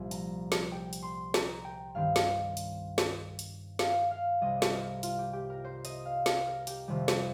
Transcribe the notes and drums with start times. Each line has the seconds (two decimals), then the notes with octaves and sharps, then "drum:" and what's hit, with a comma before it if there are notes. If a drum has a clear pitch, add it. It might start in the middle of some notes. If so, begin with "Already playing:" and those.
Already playing: C2 A#2 F3
0.11 A#5, drum: hi-hat
0.52 drum: snare
0.72 G5
0.93 drum: hi-hat
1.02 C6
1.34 A#5, drum: snare
1.65 G5
1.95 G2 D#3 C4 F5
2.16 drum: snare
2.57 drum: hi-hat
2.98 drum: snare
3.39 drum: hi-hat
3.79 F5, drum: snare
4.11 F5
4.41 C2 C3 G3 D#5
4.62 drum: snare
4.72 A#4
5.03 F4, drum: hi-hat
5.18 G4
5.33 G4
5.50 A#4
5.64 C5
5.85 D#5, drum: hi-hat
6.05 F5
6.26 drum: snare
6.47 A#4
6.67 G4, drum: hi-hat
6.88 F2 C3 D#3 G3
7.08 drum: snare